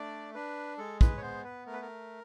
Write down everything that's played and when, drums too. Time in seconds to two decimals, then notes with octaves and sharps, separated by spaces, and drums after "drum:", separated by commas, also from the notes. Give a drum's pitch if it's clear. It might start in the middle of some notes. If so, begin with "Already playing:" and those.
Already playing: A3 D4 D5
0.35 D4 B4
0.78 G#3 A4
1.01 B4, drum: kick
1.17 C#5
1.22 B3 C5
1.44 B4
1.66 A3 A#4
1.73 B4
1.82 A#4